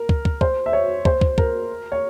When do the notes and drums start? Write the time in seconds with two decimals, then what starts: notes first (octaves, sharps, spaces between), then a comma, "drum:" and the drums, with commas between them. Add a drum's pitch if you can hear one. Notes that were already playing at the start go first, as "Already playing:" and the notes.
Already playing: A#4
0.09 drum: kick
0.25 drum: kick
0.41 C5, drum: kick
0.66 E5
0.73 C#5
1.05 C5, drum: kick
1.21 drum: kick
1.38 A#4, drum: kick
1.92 C#5